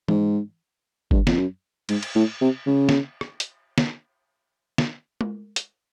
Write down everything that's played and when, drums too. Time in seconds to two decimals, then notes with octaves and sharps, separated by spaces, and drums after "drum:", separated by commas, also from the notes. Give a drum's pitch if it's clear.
0.08 G#2, drum: tom E3
1.11 G2, drum: kick G1
1.27 F2, drum: snare
1.38 F#2
1.89 G#2, drum: cymbal
2.03 drum: cymbal
2.15 A2
2.41 C3
2.66 C#3
2.89 drum: snare
3.21 drum: rim click
3.40 drum: hi-hat
3.78 drum: snare
4.78 drum: snare
5.21 drum: tom G#3
5.56 drum: hi-hat